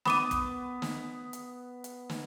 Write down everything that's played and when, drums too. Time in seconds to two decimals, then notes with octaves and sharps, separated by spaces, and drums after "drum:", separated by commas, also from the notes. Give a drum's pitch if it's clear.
0.05 B3 B5 D6 D#7, drum: snare
0.31 drum: kick, hi-hat
0.82 drum: snare
1.33 drum: hi-hat
1.84 drum: hi-hat
2.10 drum: snare